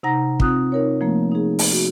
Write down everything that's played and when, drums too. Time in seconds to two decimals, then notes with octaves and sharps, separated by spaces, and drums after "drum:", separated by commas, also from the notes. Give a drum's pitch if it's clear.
0.03 C3 D#4 F#5 A#5 A#6
0.40 C4 F4 D#6 F#6, drum: kick
0.72 D#4 A#4 C#5
1.01 F3 A3 A#3
1.32 D#4 G#4
1.59 drum: open hi-hat
1.71 F#4